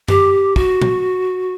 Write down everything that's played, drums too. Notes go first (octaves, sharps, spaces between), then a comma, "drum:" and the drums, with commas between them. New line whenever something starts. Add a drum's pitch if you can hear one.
G4, drum: tom F#2
F#4, drum: kick
drum: tom A#2